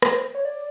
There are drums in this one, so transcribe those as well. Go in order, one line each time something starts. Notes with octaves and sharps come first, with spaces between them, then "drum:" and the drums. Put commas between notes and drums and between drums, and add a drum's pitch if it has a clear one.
B4, drum: rim click
C5
C#5
D5